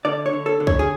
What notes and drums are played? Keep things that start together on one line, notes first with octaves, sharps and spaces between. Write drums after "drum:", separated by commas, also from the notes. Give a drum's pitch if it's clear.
D3 D5
C#5
D3
A4
D3
C#5, drum: kick
G#4